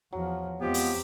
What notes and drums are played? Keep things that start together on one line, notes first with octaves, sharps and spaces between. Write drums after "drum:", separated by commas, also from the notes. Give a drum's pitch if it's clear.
E2 F3 F#3
E2 F3 G#3 B3 C4 G4
drum: open hi-hat